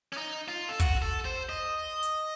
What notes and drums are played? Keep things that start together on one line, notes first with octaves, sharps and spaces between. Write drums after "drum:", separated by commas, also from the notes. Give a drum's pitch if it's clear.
C#4
D#4
F4
A4
F#4, drum: kick, hi-hat
A4
C5
D#5
drum: hi-hat